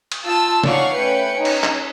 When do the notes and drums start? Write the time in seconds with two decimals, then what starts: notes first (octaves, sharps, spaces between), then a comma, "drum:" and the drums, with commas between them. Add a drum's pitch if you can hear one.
0.12 drum: cymbal
0.25 F4 A5 E6
0.64 C#4 D#4 D5 F5 F#5 C#6, drum: snare
0.93 A3 C#4 B4 G5 C#7
1.33 C#4 D#4
1.45 drum: cymbal
1.64 drum: clap